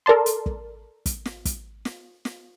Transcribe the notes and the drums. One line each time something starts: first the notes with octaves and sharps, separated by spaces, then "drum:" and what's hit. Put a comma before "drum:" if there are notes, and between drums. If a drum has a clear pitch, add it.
A4 A#4 D5 A5 C6
drum: hi-hat
drum: kick
drum: kick, hi-hat
drum: snare
drum: kick, hi-hat
drum: snare
drum: snare